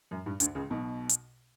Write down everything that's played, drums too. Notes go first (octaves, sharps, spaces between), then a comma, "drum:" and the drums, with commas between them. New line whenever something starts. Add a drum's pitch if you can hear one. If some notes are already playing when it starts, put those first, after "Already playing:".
F#2
G2
D2 D3, drum: hi-hat
C#2 C#3
B1 B2
drum: hi-hat